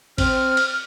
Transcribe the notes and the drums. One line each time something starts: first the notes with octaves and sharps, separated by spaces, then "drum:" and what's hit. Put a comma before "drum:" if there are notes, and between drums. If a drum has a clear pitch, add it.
C4 F6, drum: kick A1, cymbal
drum: cymbal